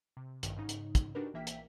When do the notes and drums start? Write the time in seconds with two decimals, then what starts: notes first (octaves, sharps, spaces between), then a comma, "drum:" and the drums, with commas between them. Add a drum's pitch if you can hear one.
0.17 C3
0.43 A1 G2 D#3, drum: hi-hat
0.56 G#2 C#3 D#4
0.69 drum: hi-hat
0.95 drum: kick, hi-hat
1.15 D4 D#4 F#4 G4 A#4 B4
1.33 A#1 E3 A#3 E5 G5 B6
1.47 drum: hi-hat